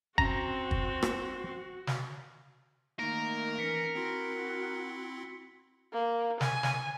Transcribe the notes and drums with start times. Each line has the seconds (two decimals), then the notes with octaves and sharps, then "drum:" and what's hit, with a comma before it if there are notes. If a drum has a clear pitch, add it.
0.18 C4 C#4 F#4 A#5, drum: kick
0.71 drum: kick
1.03 drum: rim click
1.87 drum: snare
2.99 D#3 A3 A#3 D#4 A#4
3.59 E3 C#4 B6 C#7
3.95 C4 E4 F#4 C6
5.93 A#3
6.41 G#5, drum: snare
6.63 drum: snare